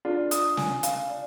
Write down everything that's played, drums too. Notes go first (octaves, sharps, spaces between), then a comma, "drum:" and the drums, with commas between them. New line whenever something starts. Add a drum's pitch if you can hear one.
D4 F4 D5
D#6, drum: hi-hat
G#5, drum: snare
F5, drum: hi-hat
D5